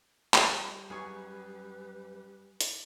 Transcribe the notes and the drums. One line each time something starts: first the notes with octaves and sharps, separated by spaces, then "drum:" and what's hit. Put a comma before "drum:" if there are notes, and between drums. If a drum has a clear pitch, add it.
G3, drum: clap
F#2 G#4 B4 G#5 C#6
drum: hi-hat